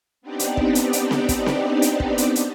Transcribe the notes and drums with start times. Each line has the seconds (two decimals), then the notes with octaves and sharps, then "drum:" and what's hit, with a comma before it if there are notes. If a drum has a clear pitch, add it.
0.22 B3 C4 D4 D#4 G4 D5
0.39 drum: hi-hat
0.57 drum: kick
0.75 drum: hi-hat
0.93 drum: hi-hat
1.11 drum: snare C4
1.29 drum: kick, hi-hat
1.46 drum: snare C4
1.82 drum: hi-hat
2.00 drum: kick
2.18 drum: hi-hat
2.36 drum: hi-hat